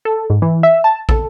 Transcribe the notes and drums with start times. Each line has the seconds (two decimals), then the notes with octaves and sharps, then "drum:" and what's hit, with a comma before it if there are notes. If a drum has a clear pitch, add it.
0.05 A4
0.30 G#2
0.42 E3
0.63 E5
0.84 A5
1.09 A4, drum: kick